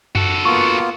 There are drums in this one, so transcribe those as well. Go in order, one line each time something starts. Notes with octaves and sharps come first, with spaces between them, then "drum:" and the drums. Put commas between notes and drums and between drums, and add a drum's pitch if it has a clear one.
F#4 A4, drum: tom F#2
A#3 B3 F4 C#6